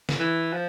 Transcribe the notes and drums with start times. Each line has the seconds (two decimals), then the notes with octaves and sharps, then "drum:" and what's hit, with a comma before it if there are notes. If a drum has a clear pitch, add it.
0.09 drum: snare
0.20 E3
0.53 F3